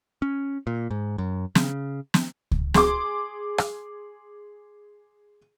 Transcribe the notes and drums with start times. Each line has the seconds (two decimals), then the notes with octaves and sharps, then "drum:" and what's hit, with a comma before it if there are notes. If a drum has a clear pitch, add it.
0.22 C#4
0.67 A#2
0.91 G#2
1.18 F#2
1.55 C#3, drum: snare
2.14 drum: snare
2.51 drum: kick C#2
2.74 G#4 C6 D6, drum: snare
3.58 drum: rim click